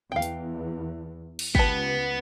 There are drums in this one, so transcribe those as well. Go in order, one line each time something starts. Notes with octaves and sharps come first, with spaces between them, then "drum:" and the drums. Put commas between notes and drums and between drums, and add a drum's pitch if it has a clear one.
E2 F5 G5
drum: hi-hat
drum: cymbal
C#2 B3 G4 B4 A5 B6, drum: kick